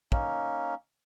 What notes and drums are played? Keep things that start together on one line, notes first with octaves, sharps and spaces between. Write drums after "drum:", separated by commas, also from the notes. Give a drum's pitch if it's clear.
A#3 C#4 D#4, drum: kick